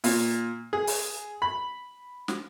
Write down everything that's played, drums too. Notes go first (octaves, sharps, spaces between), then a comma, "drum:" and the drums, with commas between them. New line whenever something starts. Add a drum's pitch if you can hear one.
A#2, drum: open hi-hat
G#4
drum: open hi-hat
B5
drum: snare